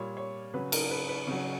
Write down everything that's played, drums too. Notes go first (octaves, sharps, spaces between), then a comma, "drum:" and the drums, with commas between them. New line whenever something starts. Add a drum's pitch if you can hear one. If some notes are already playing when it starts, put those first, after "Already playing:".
Already playing: A#2 G3 C#5
C#5
C#3 F#3 B4
A#4, drum: cymbal
B4
B4
C#3 F#3